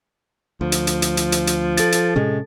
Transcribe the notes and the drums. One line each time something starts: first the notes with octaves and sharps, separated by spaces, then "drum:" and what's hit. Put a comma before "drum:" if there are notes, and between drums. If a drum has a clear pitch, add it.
D2 F3
drum: hi-hat
drum: hi-hat
drum: hi-hat
drum: hi-hat
drum: hi-hat
drum: hi-hat
A4 A6, drum: hi-hat
drum: hi-hat
A2 C3 G#3 C#4